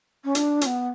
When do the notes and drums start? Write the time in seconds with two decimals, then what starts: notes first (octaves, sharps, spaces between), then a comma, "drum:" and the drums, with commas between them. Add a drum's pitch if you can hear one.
0.24 C#4
0.35 D4, drum: hi-hat
0.61 C#4, drum: hi-hat
0.66 B3